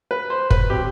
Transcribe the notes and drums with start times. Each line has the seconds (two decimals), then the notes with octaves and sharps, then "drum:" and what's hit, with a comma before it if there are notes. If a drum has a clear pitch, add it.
0.11 B4
0.30 C5
0.50 B4, drum: kick
0.70 C3 F#3 G4